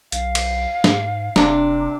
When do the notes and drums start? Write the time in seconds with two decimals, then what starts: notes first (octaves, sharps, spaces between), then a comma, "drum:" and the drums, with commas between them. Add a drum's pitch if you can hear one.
0.12 B1 F5, drum: hi-hat
0.35 drum: cymbal
0.84 G#2, drum: snare
1.36 F1 C3 D4, drum: snare